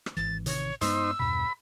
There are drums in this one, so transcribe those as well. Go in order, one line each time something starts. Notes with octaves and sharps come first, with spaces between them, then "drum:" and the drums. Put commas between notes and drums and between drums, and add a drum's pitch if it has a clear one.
drum: rim click
G#1 E3 A6
A1 C3 D#3 C#5, drum: hi-hat
G2 G#3 B3 D#4 C5 E6, drum: hi-hat
E2 G2 B2 B5